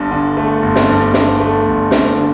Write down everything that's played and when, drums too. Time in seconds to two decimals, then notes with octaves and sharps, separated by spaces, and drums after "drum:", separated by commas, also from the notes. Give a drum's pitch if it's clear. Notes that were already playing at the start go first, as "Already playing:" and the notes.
Already playing: G1 G2
0.11 D3
0.37 A3
0.62 G1
0.75 drum: snare
0.88 G2
1.14 D3, drum: snare
1.40 A3
1.66 G1
1.91 G2, drum: snare
2.17 D3